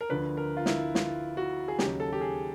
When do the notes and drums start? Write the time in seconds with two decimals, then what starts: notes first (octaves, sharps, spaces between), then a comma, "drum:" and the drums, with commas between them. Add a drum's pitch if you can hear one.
0.01 A#4
0.09 D2 D3 F3 B4
0.37 A#4
0.57 F4
0.66 E4, drum: snare
0.95 F4, drum: snare
1.37 F#4
1.68 G#4
1.79 D#2 C#3 F#3 G4, drum: snare
2.00 A4
2.13 G4
2.21 G#4